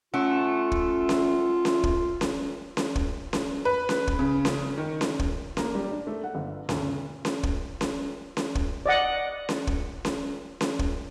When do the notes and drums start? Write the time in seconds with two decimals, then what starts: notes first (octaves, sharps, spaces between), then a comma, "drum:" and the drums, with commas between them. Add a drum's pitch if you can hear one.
0.14 A3 C#4 F4 F#5
0.72 drum: kick
1.09 drum: snare C#4
1.65 drum: snare C#4
1.84 drum: kick
2.21 drum: snare C#4
2.77 drum: snare C#4
2.96 drum: kick
3.33 drum: snare C#4
3.65 B4
3.89 drum: snare C#4
4.07 drum: kick
4.19 C#3
4.45 drum: snare C#4
4.78 D#3
5.01 drum: snare C#4
5.19 drum: kick
5.57 A#3, drum: snare C#4
5.75 G3
5.91 D4
6.07 A3
6.24 F#5
6.35 G1
6.69 D2, drum: snare C#4
6.82 C#3
7.25 drum: snare C#4
7.43 drum: kick
7.81 drum: snare C#4
8.37 drum: snare C#4
8.55 drum: kick
8.86 D5 D#5 F#5
9.49 drum: snare C#4
9.67 drum: kick
10.05 drum: snare C#4
10.61 drum: snare C#4
10.79 drum: kick